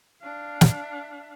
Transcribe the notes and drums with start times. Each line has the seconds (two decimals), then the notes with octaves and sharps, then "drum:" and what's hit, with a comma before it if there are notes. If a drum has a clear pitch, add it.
0.22 D4 F5
0.61 drum: snare